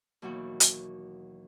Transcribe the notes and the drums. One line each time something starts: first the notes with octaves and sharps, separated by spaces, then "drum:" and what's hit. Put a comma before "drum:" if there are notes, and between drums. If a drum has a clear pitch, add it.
D#2 B2 E3 F#3 F#4 G5
drum: hi-hat